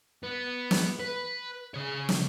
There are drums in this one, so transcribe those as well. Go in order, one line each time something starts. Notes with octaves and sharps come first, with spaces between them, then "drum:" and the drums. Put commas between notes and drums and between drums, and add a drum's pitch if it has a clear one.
B3
drum: snare
B4
C#3 C#5
drum: snare